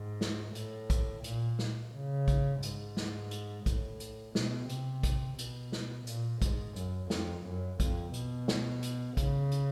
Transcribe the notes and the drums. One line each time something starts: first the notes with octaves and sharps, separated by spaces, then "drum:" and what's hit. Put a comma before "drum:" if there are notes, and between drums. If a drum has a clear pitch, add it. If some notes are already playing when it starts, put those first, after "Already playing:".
Already playing: G#2
drum: snare
A2, drum: hi-hat
drum: kick, hi-hat
A#2, drum: hi-hat
drum: snare
C#3
drum: kick, hi-hat
G#2, drum: hi-hat
drum: snare
drum: hi-hat
A2, drum: kick, hi-hat
drum: hi-hat
B2, drum: snare
C3, drum: hi-hat
drum: kick, hi-hat
B2, drum: hi-hat
drum: snare
A#2, drum: hi-hat
G#2, drum: kick, hi-hat
F#2, drum: hi-hat
F2, drum: snare
F#2
F2, drum: kick, hi-hat
B2, drum: hi-hat
drum: snare
drum: hi-hat
C#3, drum: kick, hi-hat
drum: hi-hat